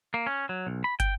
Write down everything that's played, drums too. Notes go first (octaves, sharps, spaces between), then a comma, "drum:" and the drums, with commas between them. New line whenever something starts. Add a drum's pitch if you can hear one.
A#3
C#4
F#3
B1
B5
G5, drum: kick, hi-hat